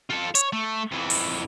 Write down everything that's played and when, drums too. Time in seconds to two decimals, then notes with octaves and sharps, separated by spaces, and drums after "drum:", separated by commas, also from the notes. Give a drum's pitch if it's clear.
0.10 F4 A4
0.35 C#5, drum: hi-hat
0.53 A3
0.91 F2 E3
1.10 drum: open hi-hat